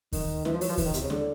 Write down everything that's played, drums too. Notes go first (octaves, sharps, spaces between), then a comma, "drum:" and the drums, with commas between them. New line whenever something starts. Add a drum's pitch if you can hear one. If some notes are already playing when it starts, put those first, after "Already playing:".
D#3, drum: kick D#2, open hi-hat
E3, drum: snare
F3
F#3, drum: open hi-hat
F3
E3, drum: kick D#2, open hi-hat
D#3
C3, drum: hi-hat
C#3
D3, drum: snare